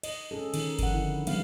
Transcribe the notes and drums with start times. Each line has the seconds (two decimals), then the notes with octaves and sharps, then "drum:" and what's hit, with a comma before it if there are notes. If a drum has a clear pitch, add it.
0.03 D#5, drum: cymbal
0.31 C#4 G#4 A4
0.54 D#3 C#4 D#4, drum: cymbal
0.79 F3 F#5, drum: kick G1, cymbal
0.94 D3 E4
1.27 F3 G3 B3 F5, drum: cymbal